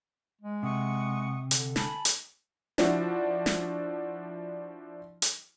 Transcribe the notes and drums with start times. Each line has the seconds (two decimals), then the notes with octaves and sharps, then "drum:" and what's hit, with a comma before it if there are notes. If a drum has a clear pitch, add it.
0.41 G#3
0.63 C3 F#5 C#6 D#6
1.51 D3, drum: hi-hat
1.76 G#5 A5 B5, drum: snare
2.05 drum: hi-hat
2.78 F3 D4 E4 F#4, drum: snare
3.46 drum: snare
5.22 drum: hi-hat